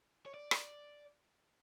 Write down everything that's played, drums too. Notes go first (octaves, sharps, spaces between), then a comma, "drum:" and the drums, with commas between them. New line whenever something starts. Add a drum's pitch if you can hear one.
C#5
D5
drum: rim click